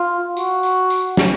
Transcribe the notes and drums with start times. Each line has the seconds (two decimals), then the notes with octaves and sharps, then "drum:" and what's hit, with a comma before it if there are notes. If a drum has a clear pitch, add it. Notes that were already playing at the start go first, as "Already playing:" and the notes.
Already playing: F4
0.37 F#4, drum: tambourine
0.63 drum: tambourine
0.90 drum: tambourine
1.17 drum: snare